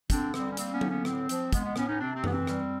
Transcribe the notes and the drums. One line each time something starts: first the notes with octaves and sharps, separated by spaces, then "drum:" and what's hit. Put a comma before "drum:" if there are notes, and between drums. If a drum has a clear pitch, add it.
D3 C4 D4, drum: kick, hi-hat
G3 C4, drum: rim click
C#4
A#3 C4, drum: hi-hat
B3 C#4
D3, drum: tom F#3
B3 C#4
A2 C4, drum: rim click
F3, drum: hi-hat
G#3 B3, drum: kick, hi-hat
B3
A2 B3 C#4, drum: rim click
C#4 D#4
C3 C4 D4
C4
E3 B3, drum: tom F#2
C4
G3, drum: rim click